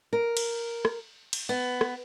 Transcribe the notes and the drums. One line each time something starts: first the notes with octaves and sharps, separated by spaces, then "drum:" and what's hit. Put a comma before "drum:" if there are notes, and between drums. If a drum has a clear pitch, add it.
A#4
drum: cymbal
drum: rim click
drum: cymbal
B3
drum: rim click